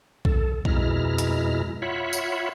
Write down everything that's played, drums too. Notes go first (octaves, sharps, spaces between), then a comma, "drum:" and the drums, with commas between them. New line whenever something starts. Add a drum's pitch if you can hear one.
A4, drum: kick B1
F2 B2 G#3 E4 A#5 F6, drum: kick B1
drum: hi-hat
F4 C#5 E5 F#5 B5
drum: tambourine